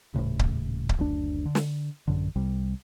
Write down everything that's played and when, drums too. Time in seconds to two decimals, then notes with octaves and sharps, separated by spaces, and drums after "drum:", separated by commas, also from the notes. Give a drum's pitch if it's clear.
0.14 D#1 G#1 A2 C#3
0.39 drum: kick C#1
0.89 drum: kick C#1
0.98 F#1 D2 D4
1.46 D3
1.55 drum: snare
2.08 A1 F#2 D3
2.36 C2 C3 G3